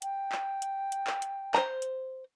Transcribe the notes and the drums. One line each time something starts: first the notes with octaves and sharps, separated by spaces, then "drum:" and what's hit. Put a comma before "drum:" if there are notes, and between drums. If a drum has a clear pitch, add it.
G5, drum: hi-hat
drum: clap
drum: hi-hat
drum: hi-hat
drum: clap
drum: hi-hat
C5 A#5, drum: clap
drum: hi-hat